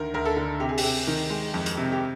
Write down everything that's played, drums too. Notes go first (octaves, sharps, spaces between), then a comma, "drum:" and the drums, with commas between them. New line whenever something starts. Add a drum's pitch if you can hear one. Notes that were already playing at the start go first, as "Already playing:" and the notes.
Already playing: D2 D#3 A#4
D2 A#4
A4
D3
C3 G4
G#4
G4, drum: open hi-hat
C3
D#3
G#3
F2
drum: hi-hat
C3
G4